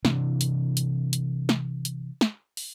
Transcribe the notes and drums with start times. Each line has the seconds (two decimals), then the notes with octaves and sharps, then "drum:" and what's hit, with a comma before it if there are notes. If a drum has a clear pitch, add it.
0.05 C3 E3 D4, drum: snare
0.41 drum: hi-hat
0.77 drum: hi-hat
1.13 drum: hi-hat
1.49 drum: snare
1.85 drum: hi-hat
2.21 drum: snare
2.57 drum: open hi-hat